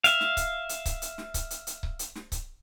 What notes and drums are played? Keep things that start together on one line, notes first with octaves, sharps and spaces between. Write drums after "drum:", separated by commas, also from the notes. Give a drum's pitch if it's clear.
E5 F5, drum: hi-hat
drum: snare
drum: kick C#1, hi-hat
drum: hi-hat
drum: kick C#1, hi-hat
drum: hi-hat
drum: snare
drum: kick C#1, hi-hat
drum: hi-hat
drum: hi-hat
drum: kick C#1
drum: hi-hat
drum: snare
drum: kick C#1, hi-hat